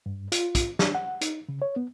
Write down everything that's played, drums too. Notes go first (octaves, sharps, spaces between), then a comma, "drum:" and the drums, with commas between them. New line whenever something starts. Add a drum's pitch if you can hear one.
G2
F4, drum: hi-hat
drum: kick, hi-hat
D4, drum: snare
F#5
D#4, drum: hi-hat
C#3
C#5
B3